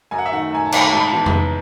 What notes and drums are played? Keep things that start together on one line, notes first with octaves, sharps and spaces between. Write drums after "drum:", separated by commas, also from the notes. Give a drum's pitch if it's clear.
F#2 G#5
F#5
E5
D#3 A3 F#5
F#2 G#5
A5
D#3 A3, drum: cymbal
B5
G#2 A5
B5
A5
E3 B3
drum: tom F2